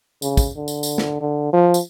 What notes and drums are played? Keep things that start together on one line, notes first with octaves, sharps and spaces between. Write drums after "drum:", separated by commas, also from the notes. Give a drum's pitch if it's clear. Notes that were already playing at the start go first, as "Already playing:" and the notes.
C#3, drum: tambourine
drum: kick, tambourine
D3
drum: tambourine
drum: tambourine
drum: snare
D3
F3
drum: tambourine